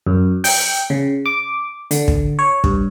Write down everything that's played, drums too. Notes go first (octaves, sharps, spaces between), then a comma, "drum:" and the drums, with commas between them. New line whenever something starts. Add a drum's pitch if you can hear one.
F#2
G5, drum: open hi-hat
C#3
D6
D3, drum: hi-hat
drum: kick
C#5
G2, drum: kick